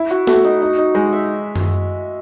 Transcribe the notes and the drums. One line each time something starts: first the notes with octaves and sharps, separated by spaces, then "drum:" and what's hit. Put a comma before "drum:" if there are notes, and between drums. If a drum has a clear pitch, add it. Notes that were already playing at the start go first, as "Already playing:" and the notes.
Already playing: E4
F#4
A3 F#4, drum: snare B3
D#4
D#4
D#4
G#3 D#4
E5
drum: tom F#2